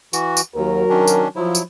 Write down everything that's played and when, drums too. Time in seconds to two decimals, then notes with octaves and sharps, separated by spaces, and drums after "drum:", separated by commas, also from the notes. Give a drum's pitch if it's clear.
0.13 E3 F#4, drum: tambourine
0.37 drum: tambourine
0.55 D#2 F#3 F#4 A#4
0.89 D#3 C#4 D4
1.08 drum: tambourine
1.36 F3 F#3 E4
1.55 drum: tambourine